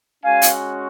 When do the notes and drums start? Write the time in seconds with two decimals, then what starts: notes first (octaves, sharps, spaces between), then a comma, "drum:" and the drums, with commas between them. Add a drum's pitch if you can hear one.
0.23 G#3 C#4 F#4 F5 G#5
0.42 drum: hi-hat